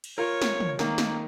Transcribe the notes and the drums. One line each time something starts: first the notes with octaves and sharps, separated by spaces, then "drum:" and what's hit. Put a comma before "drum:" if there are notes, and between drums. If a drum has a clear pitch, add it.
drum: cymbal
F4 A#4 C#5
drum: snare
drum: tom
D#3 A#3, drum: snare
drum: snare